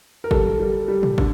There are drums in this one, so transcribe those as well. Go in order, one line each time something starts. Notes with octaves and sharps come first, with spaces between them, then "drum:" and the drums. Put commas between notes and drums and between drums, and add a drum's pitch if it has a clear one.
A#4
G3 A4, drum: kick
G3
G3
drum: tom A2
D3, drum: kick